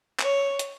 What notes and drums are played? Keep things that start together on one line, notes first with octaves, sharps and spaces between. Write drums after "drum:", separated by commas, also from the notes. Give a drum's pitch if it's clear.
C#5, drum: clap
drum: hi-hat